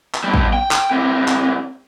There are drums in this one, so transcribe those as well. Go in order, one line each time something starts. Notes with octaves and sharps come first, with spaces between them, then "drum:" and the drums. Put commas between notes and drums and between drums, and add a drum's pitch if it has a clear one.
drum: clap
G3 B3
drum: kick
G5
drum: clap
C#2 C3
drum: clap